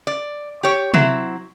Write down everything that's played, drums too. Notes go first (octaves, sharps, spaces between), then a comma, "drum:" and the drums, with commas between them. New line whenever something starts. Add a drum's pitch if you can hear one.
D5
G4 C#5
F#3 C4 E4, drum: tom C3